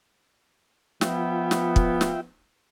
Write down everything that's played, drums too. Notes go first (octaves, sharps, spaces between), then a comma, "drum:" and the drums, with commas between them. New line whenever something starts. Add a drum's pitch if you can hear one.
F3 B3 F4 E5 G5, drum: snare
drum: snare
drum: kick
drum: snare